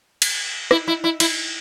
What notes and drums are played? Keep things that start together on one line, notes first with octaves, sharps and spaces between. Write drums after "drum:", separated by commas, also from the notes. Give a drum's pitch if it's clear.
drum: cymbal
E4, drum: rim click
E4
E4
E4, drum: cymbal